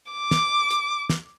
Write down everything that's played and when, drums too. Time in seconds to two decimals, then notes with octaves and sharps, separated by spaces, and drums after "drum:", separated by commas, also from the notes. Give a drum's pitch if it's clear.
0.12 D6
0.31 drum: snare
0.70 drum: hi-hat
1.10 drum: snare